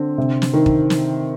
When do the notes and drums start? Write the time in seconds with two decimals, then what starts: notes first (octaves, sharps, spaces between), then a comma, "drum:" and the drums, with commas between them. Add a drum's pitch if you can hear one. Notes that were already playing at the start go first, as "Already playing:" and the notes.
Already playing: D3 C4
0.18 C3
0.42 drum: snare
0.53 D#3
0.66 drum: kick
0.90 drum: snare